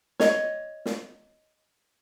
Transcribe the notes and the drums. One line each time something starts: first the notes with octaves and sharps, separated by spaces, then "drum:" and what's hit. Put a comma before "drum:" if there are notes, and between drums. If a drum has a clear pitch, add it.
C#5 D#5, drum: snare
drum: snare